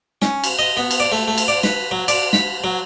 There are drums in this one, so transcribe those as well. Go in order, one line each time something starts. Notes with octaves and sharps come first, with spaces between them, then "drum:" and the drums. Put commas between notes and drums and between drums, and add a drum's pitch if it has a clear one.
C#4, drum: snare
drum: cymbal
D#5
B3
drum: cymbal
D5
A3
A3
drum: cymbal
D5
B4, drum: snare
F#3
D5, drum: cymbal
B5, drum: snare
F#3